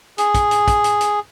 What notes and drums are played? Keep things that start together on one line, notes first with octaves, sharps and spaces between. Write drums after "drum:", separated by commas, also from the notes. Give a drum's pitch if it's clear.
G#4, drum: hi-hat
drum: kick, hi-hat
drum: hi-hat
drum: kick, hi-hat
drum: hi-hat
drum: hi-hat